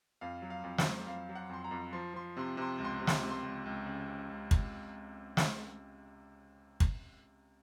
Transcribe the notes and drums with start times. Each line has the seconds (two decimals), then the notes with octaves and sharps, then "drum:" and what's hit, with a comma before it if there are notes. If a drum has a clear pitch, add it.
0.21 F2 F5
0.42 F#3
0.50 F5
0.64 F2
0.78 C5, drum: snare
0.85 F#3
1.07 F2 F5
1.29 F#3
1.35 F#5
1.49 F2 C6
1.64 A#5
1.71 F2
1.93 F3 C6
2.14 F3 C6
2.37 C3 C6
2.57 C3 C6
2.78 C#2
2.85 C6
3.00 C3
3.07 C6, drum: snare
3.22 C3
3.30 C6
3.43 C#2
3.66 C#2
3.86 C#3
4.08 C#3
4.30 C#2
4.51 drum: kick
5.37 drum: snare
6.80 drum: kick